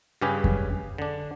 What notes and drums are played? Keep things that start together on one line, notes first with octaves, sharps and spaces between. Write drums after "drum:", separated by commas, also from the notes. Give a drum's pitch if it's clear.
G2 C#3 C#4 G4 G#4 B4
drum: kick F2
D3 D4